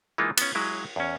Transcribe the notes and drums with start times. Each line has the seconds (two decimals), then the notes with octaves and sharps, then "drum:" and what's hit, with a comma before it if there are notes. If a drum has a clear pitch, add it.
0.18 E3 G#3 A#3 D#4 F4
0.37 B3 C#4, drum: cymbal
0.55 F#3 G#3 E4
0.96 E2 C#4